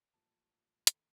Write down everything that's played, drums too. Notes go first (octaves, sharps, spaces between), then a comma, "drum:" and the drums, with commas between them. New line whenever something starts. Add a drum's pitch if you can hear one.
A1 G2 F3 A#3 A5
D#3 A3, drum: hi-hat